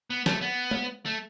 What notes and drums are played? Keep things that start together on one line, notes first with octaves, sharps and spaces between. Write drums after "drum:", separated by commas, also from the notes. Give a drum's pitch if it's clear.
B3
A3, drum: snare
B3
drum: tom G#3
A3